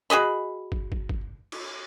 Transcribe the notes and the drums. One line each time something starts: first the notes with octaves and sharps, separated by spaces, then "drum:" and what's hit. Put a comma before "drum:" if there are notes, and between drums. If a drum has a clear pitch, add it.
F#4 G#4 D#5 B5
drum: kick
drum: kick
drum: kick
drum: cymbal